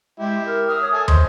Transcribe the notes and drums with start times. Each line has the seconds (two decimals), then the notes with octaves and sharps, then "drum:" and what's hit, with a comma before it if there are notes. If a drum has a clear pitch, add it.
0.20 G#3 E4 G4
0.47 A#4
0.68 E5 D#6 F6
0.82 C#5 D#6
0.93 A4 G#5
1.08 C5 D#5, drum: tom